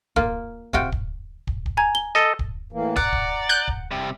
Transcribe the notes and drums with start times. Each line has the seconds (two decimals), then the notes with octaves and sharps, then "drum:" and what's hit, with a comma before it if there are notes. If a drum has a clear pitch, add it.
0.16 A#3 F4, drum: kick
0.73 C3 F4 F#4 G5, drum: kick
0.92 drum: kick
1.47 drum: kick
1.66 drum: kick
1.77 G#5 A#5 G#6
1.95 G7
2.15 A4 D#5
2.39 drum: kick
2.72 A2 E3 A#3
2.96 D5 F#5 A#5, drum: kick
3.13 drum: kick
3.49 F#6 G6
3.68 drum: kick
3.91 C3 G3